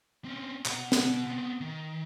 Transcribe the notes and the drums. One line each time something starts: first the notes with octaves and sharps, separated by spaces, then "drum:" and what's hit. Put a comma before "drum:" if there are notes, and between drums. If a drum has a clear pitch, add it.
C4 C#4
B2 F#5, drum: clap
drum: snare
B3 C4
D#3